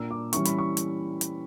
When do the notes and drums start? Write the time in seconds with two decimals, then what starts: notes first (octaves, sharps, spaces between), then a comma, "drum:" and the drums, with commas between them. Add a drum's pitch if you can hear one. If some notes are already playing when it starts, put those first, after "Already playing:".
Already playing: A#2 A#3 D4 E6
0.11 D6
0.33 E3 G3 C#4 E4 C#6, drum: hi-hat
0.45 B5, drum: hi-hat
0.58 C#6
0.77 drum: hi-hat
1.21 drum: hi-hat